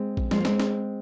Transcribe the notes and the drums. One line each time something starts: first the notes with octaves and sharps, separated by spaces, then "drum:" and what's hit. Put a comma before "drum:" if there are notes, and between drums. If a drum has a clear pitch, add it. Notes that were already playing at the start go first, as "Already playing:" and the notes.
Already playing: G#3 C4
drum: kick
F3 G#3, drum: snare
A#3
G#3 C4, drum: snare
drum: snare